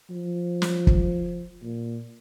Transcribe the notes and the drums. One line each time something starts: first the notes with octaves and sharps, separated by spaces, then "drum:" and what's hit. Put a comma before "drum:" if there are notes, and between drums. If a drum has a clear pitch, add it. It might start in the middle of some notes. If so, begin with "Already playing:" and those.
F3
drum: snare
drum: kick
A#2